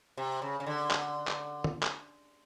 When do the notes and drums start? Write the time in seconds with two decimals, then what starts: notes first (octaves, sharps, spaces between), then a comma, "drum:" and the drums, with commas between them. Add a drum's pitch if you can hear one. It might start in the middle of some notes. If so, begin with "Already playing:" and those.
0.17 C3
0.42 C#3
0.60 C#3
0.66 D3
0.91 drum: clap
1.28 drum: clap
1.64 drum: tom D3
1.83 drum: clap